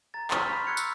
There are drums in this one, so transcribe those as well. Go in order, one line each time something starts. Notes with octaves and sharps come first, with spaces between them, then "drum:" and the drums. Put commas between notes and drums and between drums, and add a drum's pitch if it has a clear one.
A#5 A6
C6 C#6 F6 G6 B6, drum: clap
B5 F7
C#6 E6 F#6 G#6 C#7
drum: tambourine